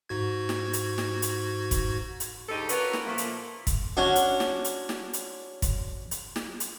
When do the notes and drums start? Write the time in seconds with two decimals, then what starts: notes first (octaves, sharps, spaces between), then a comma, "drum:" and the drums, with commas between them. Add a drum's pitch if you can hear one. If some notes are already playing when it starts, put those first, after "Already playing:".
0.09 G#2 F#4 G#6
0.49 drum: snare
0.73 drum: hi-hat
0.98 drum: snare
1.22 drum: hi-hat
1.71 drum: kick, hi-hat
2.20 drum: hi-hat
2.49 D2 G#2 D3 D#4 G4 A4
2.69 C#4 F4 F#4 A#4 B4, drum: hi-hat
2.93 drum: snare
3.06 A#2 F3 A3 A#3
3.18 drum: hi-hat
3.67 drum: kick, hi-hat
3.97 C#4 D4 F#4
4.16 drum: hi-hat
4.40 drum: snare
4.64 drum: hi-hat
4.89 drum: snare
5.13 drum: hi-hat
5.62 drum: kick, hi-hat
6.11 drum: hi-hat
6.36 drum: snare
6.60 drum: hi-hat